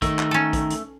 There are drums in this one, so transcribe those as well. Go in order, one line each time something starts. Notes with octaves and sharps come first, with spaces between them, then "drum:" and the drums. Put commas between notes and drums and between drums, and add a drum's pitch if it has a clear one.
D#3 A3, drum: kick A#1, hi-hat
drum: clap
C#4 A4
drum: kick A#1, hi-hat
drum: hi-hat